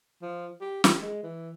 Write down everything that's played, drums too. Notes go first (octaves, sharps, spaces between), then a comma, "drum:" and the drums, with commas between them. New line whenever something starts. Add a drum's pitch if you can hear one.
F3
G4
G4, drum: snare
G#3
E3